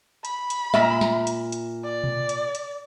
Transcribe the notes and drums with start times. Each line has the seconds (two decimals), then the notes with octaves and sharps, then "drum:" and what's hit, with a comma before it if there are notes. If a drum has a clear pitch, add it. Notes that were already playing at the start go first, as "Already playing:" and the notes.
0.25 B5, drum: hi-hat
0.50 drum: hi-hat
0.74 A#2 E5, drum: snare
1.01 drum: snare
1.27 drum: hi-hat
1.52 drum: hi-hat
1.84 D5
2.04 drum: tom B2
2.29 drum: hi-hat
2.55 drum: hi-hat